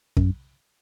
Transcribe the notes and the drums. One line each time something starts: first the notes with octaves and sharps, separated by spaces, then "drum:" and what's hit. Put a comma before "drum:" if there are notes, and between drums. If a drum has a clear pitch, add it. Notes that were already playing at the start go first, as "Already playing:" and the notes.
F#2, drum: kick